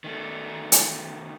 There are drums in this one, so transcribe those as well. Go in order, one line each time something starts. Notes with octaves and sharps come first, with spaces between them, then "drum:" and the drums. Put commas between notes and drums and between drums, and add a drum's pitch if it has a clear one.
D#3 A3
drum: hi-hat